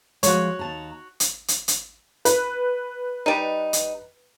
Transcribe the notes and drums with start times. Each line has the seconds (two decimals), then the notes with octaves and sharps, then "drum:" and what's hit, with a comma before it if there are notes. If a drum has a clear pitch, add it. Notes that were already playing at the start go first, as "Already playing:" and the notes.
0.23 F3 G#3 F#4 C#5, drum: hi-hat
0.59 D#2 A5 A#5
1.20 drum: hi-hat
1.48 drum: hi-hat
1.68 drum: hi-hat
2.25 B4, drum: hi-hat
3.26 G3 D#4
3.73 drum: hi-hat